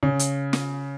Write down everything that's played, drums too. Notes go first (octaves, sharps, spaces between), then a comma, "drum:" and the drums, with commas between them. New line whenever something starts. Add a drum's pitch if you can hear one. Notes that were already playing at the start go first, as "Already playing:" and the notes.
C#3
drum: hi-hat
drum: snare